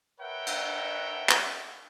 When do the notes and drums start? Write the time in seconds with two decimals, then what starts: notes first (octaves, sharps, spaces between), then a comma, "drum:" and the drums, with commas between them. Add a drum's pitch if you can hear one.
0.20 A#4 B4 C#5 E5 F#5 G5
0.47 drum: cymbal
1.29 drum: clap